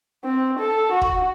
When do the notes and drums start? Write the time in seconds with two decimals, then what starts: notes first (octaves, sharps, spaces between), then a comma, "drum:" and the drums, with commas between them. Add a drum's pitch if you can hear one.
0.24 C4
0.59 A4
0.91 F#4
1.01 drum: kick